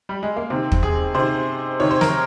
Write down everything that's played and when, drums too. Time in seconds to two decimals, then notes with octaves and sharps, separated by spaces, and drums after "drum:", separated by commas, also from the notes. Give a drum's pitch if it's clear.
0.09 G3
0.23 G#3
0.36 A#3
0.50 C3 D#3 C4
0.72 drum: kick
0.83 G#4
1.14 C3 D#3 C5
1.80 C3 D#3 C#5
1.91 C5
2.01 A#4, drum: snare